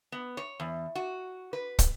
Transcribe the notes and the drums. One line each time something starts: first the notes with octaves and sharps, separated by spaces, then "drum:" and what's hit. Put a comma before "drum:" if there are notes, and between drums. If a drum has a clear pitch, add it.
B3
C#5
E2
F#4
B4
drum: kick, hi-hat